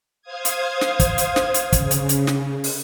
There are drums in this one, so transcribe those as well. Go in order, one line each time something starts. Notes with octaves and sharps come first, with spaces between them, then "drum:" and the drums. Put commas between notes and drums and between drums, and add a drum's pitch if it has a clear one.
C5 F5 D#6 G#6
drum: hi-hat
drum: snare
drum: kick, hi-hat
drum: hi-hat
drum: snare
drum: hi-hat
C#3, drum: kick, hi-hat
drum: hi-hat
drum: hi-hat
drum: snare
drum: open hi-hat